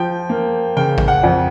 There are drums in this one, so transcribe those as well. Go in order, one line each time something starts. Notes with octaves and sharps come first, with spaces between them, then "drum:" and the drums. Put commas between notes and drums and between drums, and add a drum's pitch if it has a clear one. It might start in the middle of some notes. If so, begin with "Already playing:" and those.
Already playing: F3 G5
A#3
C#3 G5
drum: kick A1
F#5
F2